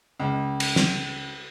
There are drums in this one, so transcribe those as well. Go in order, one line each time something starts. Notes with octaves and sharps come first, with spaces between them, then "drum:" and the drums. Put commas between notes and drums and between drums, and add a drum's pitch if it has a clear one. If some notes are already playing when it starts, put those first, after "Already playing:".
C#2
drum: cymbal
drum: snare